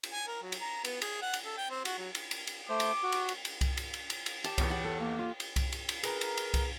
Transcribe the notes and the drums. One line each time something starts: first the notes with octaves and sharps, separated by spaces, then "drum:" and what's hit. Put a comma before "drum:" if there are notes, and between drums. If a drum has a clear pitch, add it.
drum: cymbal
G#5
A#4
F#3
drum: cymbal
A#5
B3, drum: cymbal
G#4, drum: cymbal
F#5
drum: cymbal
A4
G5
C4
F#4, drum: cymbal
F#3
drum: cymbal
drum: cymbal
drum: cymbal
A3 C5 D6
drum: cymbal
F#4
drum: cymbal
drum: cymbal
drum: cymbal
drum: kick C2, cymbal
drum: cymbal
drum: cymbal
drum: cymbal
drum: cymbal
G4 A5, drum: cymbal
E2 B3 C#5, drum: kick C2, cymbal
G4 F#5
A4
A#3
F4
drum: cymbal
drum: kick C2, cymbal
drum: cymbal
drum: cymbal
G#4 A#4 B4 A#5, drum: cymbal
drum: cymbal
drum: cymbal
drum: kick C2, cymbal